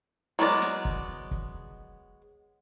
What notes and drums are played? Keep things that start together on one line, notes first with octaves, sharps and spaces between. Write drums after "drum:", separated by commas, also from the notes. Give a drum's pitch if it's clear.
F#3 G#3 B3 A#4 D5
drum: snare
drum: kick
drum: kick